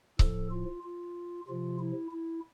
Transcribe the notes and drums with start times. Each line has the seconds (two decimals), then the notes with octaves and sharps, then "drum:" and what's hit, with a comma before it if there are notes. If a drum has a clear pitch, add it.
0.19 A2 F3 A4, drum: kick C#1
0.51 F4
0.83 F4
1.48 C3 F3 F4
1.80 E4
2.12 E4